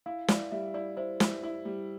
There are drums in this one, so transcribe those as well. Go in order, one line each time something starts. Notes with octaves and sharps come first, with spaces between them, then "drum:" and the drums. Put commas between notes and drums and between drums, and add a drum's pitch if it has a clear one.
E4 F5
E4 D5, drum: snare
G3 E5
E4 D5
E4 C5
E4, drum: snare
E4
G3